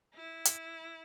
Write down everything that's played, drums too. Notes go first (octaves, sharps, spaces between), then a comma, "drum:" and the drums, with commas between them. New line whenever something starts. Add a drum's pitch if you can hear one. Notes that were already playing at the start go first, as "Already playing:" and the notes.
E4
drum: hi-hat